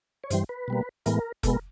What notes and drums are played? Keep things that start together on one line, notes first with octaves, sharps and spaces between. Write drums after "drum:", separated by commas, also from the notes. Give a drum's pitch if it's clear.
C#5
G2 E3 G3 C5, drum: hi-hat
B4
B2 G3 A#3
A2 E3 G#3 B3 A#4, drum: hi-hat
B2 G#3 B3 A4, drum: kick F1, hi-hat
A#4